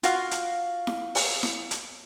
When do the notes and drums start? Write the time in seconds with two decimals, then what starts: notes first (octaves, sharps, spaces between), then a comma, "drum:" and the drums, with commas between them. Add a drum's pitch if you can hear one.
0.03 F4 F#4 F5, drum: hi-hat
0.31 drum: hi-hat
0.87 drum: snare E4
1.15 drum: open hi-hat
1.43 drum: snare E4
1.71 drum: hi-hat